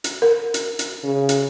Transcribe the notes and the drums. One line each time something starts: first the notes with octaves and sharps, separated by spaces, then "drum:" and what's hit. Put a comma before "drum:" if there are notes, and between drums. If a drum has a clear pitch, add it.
drum: hi-hat
A#4
drum: hi-hat
drum: hi-hat
C#3
drum: hi-hat